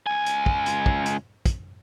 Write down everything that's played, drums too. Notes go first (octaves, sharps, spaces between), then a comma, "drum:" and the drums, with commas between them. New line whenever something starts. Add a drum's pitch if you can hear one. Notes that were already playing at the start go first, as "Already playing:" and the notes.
C#2 G#5
drum: hi-hat
drum: kick
drum: hi-hat
drum: kick
drum: hi-hat
drum: kick, hi-hat